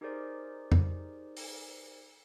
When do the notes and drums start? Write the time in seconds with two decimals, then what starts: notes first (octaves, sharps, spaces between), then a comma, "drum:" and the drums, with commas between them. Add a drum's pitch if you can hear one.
0.01 D#4 G4 G#4 A#4 C5 D5
0.72 drum: tom F2
1.37 drum: open hi-hat